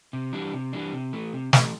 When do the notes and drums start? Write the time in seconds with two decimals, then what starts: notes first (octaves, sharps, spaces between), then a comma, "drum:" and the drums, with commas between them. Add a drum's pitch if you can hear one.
0.13 C3
0.33 E3 G3 D4
0.54 C3
0.73 E3 G3 D4
0.92 C3
1.13 E3 A3
1.33 C3
1.53 E3 A3, drum: snare